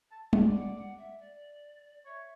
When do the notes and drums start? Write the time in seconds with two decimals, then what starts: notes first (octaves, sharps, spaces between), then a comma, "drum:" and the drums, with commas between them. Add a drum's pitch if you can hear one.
0.12 A5
0.33 G#4 D5, drum: tom
0.54 F#5
0.76 F#5
0.98 E5
1.19 D5
2.06 C#5 E5